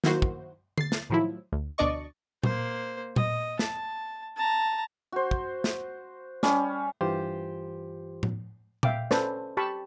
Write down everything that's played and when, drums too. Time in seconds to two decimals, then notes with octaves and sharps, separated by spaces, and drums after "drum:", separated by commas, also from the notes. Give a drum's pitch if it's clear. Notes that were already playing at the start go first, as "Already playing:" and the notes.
0.04 D#3 F#3 A#3 E4 F#4 C5, drum: snare
0.22 drum: kick
0.78 A6 C7, drum: tom D3
0.92 drum: snare
1.10 A2 D#3 F3 F#3 E4
1.52 D2
1.78 D2 B2 D4 D5 D#5 C#6
2.44 A#3 C5, drum: tom A#2
3.16 D#5, drum: tom A#2
3.59 A5, drum: snare
4.37 A5 A#5
5.12 F#4 C5
5.31 drum: kick
5.64 drum: snare
6.43 G3 C#4, drum: snare
7.01 G2 E3 F4 G4 C5 C6
8.23 drum: tom A2
8.83 E5 F5 G5 D6, drum: tom A#2
9.11 C#4 A4 B4 C5 D5, drum: snare
9.57 G4 A5 B5 C#6